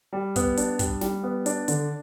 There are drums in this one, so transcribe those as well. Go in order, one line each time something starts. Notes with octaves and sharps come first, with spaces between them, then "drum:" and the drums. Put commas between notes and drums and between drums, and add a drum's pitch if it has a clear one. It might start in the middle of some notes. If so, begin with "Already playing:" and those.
G3
B3, drum: kick, hi-hat
D4, drum: hi-hat
G3, drum: kick, hi-hat
G3, drum: snare
B3
D4, drum: hi-hat
D3, drum: hi-hat